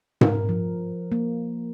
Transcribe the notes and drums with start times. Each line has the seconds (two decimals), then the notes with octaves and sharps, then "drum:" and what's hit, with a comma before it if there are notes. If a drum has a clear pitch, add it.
0.21 A#4, drum: tom G#2
0.49 F3
1.12 A#3